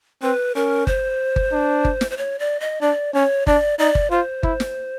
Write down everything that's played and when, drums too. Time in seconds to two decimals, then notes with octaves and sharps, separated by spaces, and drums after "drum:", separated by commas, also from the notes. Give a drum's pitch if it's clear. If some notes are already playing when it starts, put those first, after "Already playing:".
0.22 C4 B4
0.55 C#4 A#4
0.87 C5, drum: kick G1
1.36 drum: kick G1
1.52 D4
1.85 drum: kick G1
2.01 drum: snare
2.11 C5
2.18 C#5
2.39 D5
2.60 D#5
2.81 D4 D5
3.14 C#4 C#5
3.47 D4 D5, drum: kick G1
3.79 D#4 D5
3.95 drum: kick G1
4.11 F4 C5
4.43 E4, drum: kick G1
4.60 drum: snare